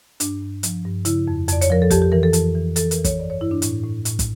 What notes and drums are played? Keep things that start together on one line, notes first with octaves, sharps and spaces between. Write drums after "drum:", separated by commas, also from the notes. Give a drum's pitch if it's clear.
G2 D4, drum: hi-hat
G2
F3, drum: hi-hat
G2
C#3 E4, drum: hi-hat
F2
F2 D5, drum: hi-hat
C#5, drum: hi-hat
F3 A#4
A4
F2 G4, drum: kick, hi-hat
G4
E3 A#4
A4
F2, drum: hi-hat
E3
E3 A4, drum: hi-hat
A#4, drum: hi-hat
E3
C#5, drum: kick, hi-hat
G2 D5
C#5
G2 E4
D4
A2, drum: hi-hat
A2
A2, drum: hi-hat
drum: kick, hi-hat